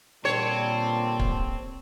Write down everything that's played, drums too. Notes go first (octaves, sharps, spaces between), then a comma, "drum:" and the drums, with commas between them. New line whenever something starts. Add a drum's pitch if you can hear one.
A#2 D3 G3 C4 C#5 A5
drum: kick